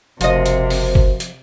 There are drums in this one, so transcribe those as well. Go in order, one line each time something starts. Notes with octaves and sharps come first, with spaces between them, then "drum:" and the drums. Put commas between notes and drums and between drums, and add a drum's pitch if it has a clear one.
F#1 C3 F3 F#4 A#4 C5 D#5, drum: hi-hat
drum: hi-hat
drum: open hi-hat
drum: kick F#1
drum: hi-hat